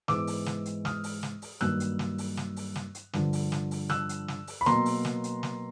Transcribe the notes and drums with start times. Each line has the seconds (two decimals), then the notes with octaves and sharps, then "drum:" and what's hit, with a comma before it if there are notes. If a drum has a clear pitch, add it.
0.08 G#2 E3 G#3 B3 D6 E6, drum: snare
0.27 drum: open hi-hat
0.46 drum: snare
0.65 drum: hi-hat
0.85 D#6 F6, drum: snare
1.04 drum: open hi-hat
1.23 drum: snare
1.42 drum: open hi-hat
1.61 G2 D#3 F#3 A#3 E6 F#6, drum: snare
1.80 drum: hi-hat
1.99 drum: snare
2.18 drum: open hi-hat
2.37 drum: snare
2.56 drum: open hi-hat
2.76 drum: snare
2.95 drum: hi-hat
3.13 G2 D3 F3, drum: snare
3.33 drum: open hi-hat
3.52 drum: snare
3.71 drum: open hi-hat
3.90 E6 F#6, drum: snare
4.09 drum: hi-hat
4.28 drum: snare
4.47 drum: open hi-hat
4.61 B5
4.66 B2 F#3 A#3 A#5 C6, drum: snare
4.86 drum: open hi-hat
5.05 drum: snare
5.24 drum: hi-hat
5.43 drum: snare